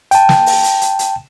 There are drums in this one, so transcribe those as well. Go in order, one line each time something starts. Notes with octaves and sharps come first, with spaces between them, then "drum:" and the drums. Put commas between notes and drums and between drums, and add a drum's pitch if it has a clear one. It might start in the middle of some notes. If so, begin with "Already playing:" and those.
G5 A5, drum: hi-hat
drum: snare
drum: open hi-hat
drum: hi-hat
drum: hi-hat
drum: hi-hat